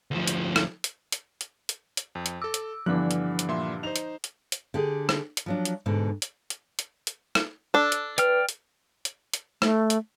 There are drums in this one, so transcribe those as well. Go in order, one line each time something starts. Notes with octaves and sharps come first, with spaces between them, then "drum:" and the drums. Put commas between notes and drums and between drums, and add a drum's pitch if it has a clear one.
D2 F3
drum: hi-hat
drum: rim click
drum: hi-hat
drum: hi-hat
drum: hi-hat
drum: hi-hat
drum: hi-hat
F2
drum: hi-hat
A4 D6 E6
drum: hi-hat
G2 D3 E3 F3 D6 F#6
drum: hi-hat
drum: hi-hat
A#2 E5 C6
D#4 C5 F7
drum: hi-hat
drum: hi-hat
drum: hi-hat
D3 G4 G#4
drum: rim click
drum: hi-hat
F3 F#3 D4
drum: hi-hat
G#2 B2 D3
drum: hi-hat
drum: hi-hat
drum: hi-hat
drum: hi-hat
drum: rim click
D4 A4
drum: hi-hat
B4 D5 G5 F6, drum: hi-hat
drum: hi-hat
drum: hi-hat
drum: hi-hat
A3, drum: rim click
drum: hi-hat